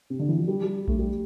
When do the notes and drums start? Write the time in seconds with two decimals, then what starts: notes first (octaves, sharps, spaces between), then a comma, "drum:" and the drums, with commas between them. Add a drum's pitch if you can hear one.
0.10 C3
0.19 D3
0.28 E3
0.38 F3
0.48 G3
0.63 G3
0.88 A3, drum: kick A#1
0.98 G3